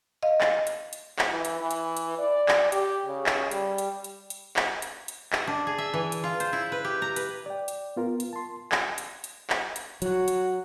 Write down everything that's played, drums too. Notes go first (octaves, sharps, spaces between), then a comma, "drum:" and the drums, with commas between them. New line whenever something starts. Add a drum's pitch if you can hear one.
D#5 F5
drum: clap
drum: hi-hat
drum: hi-hat
drum: clap
E3
drum: hi-hat
E3
drum: hi-hat
drum: hi-hat
D5
drum: clap
G4, drum: hi-hat
C#3
drum: clap
G3, drum: hi-hat
drum: hi-hat
drum: hi-hat
drum: hi-hat
drum: clap
drum: hi-hat
drum: hi-hat
D#5, drum: clap
D4
G#4
E5
E3
drum: hi-hat
F4
C5, drum: hi-hat
E4
B4
G4
A#5
B4, drum: hi-hat
D5 G5
drum: hi-hat
B3 F4 A#4
drum: hi-hat
A5 C6
drum: clap
drum: hi-hat
drum: hi-hat
drum: clap
drum: hi-hat
F#3 F#4, drum: hi-hat
drum: hi-hat